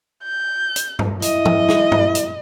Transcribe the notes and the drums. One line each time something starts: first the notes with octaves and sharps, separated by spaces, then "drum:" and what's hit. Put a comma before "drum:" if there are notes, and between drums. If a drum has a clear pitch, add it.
G6
drum: hi-hat
drum: tom G2
E4 D#5, drum: hi-hat
drum: tom
drum: snare
drum: tom G2
drum: hi-hat